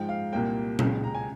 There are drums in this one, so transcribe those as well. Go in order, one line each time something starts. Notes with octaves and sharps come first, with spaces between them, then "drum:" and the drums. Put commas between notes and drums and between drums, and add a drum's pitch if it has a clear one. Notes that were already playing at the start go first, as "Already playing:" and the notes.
Already playing: G#2 F3 G#3 G5
F5
C2 A#2 G3 A#3 G5
C#2 C#3 G#3, drum: tom
A#5
G#5